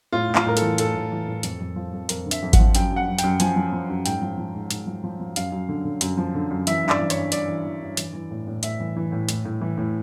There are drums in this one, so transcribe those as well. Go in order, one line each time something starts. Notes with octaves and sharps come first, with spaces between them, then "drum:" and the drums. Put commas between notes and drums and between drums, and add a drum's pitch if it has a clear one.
A2 F4
A2
F4, drum: clap
A2 A#4
A4, drum: hi-hat
E3
A2 A4, drum: hi-hat
A2
E3
A2
F2, drum: hi-hat
F2
F3
F2
F2 A#4, drum: hi-hat
D3
E5, drum: hi-hat
F2
F#5, drum: kick G#1, hi-hat
F3
F#2 G5, drum: hi-hat
F#2 F#5
F#2
F#2 G5, drum: hi-hat
F3 G#5, drum: hi-hat
F3
F3
F#2
G#2 G5, drum: hi-hat
F3
F3
G#2
G#2, drum: hi-hat
F3
F3
F3
F#2 F5, drum: hi-hat
F#2
D3
D3
F#2, drum: hi-hat
F3
D3
F#2
E3 E5, drum: hi-hat
G2
D5, drum: clap
E3
C#5, drum: hi-hat
G2
G2 D5, drum: hi-hat
E3
E3
G2
E3, drum: hi-hat
E3
A2
A2
A2 E5, drum: hi-hat
E3
E3
A2
A2, drum: hi-hat
A2
E3
A2